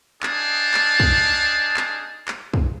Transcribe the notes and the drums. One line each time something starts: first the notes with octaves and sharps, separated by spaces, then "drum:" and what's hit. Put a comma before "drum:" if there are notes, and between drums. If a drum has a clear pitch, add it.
D4 D#4 G#4 F5 A5, drum: clap
drum: clap
drum: kick
drum: clap
drum: clap
drum: kick